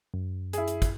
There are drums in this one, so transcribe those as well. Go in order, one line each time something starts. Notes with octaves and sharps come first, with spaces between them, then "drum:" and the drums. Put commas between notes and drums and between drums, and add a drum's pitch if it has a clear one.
F#2
E4 G#4, drum: hi-hat
drum: hi-hat
drum: kick, hi-hat